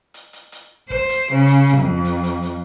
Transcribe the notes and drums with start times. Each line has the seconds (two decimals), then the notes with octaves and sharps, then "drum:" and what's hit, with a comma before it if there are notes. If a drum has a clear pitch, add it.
0.14 drum: hi-hat
0.33 drum: hi-hat
0.52 drum: hi-hat
0.90 C5, drum: kick
1.09 drum: hi-hat
1.32 C#3
1.47 drum: hi-hat
1.66 drum: hi-hat
1.78 F2
2.05 drum: hi-hat
2.24 drum: hi-hat
2.43 drum: hi-hat